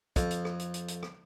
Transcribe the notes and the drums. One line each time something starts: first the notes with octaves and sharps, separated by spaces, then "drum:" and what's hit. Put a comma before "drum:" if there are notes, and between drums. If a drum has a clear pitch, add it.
F2, drum: kick, hi-hat
drum: hi-hat
drum: rim click
drum: hi-hat
drum: hi-hat
drum: hi-hat
drum: rim click